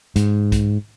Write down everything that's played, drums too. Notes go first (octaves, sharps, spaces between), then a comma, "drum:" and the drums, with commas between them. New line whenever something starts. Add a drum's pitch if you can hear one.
G#2, drum: hi-hat
drum: kick, hi-hat